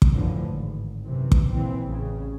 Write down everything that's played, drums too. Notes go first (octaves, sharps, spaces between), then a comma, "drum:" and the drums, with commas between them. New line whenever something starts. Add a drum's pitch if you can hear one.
drum: kick
F#2 A2 D3 E3 F3
G#1
F#2 C3 E3
drum: kick
A#1 A#2 E3 C4
A1 C#3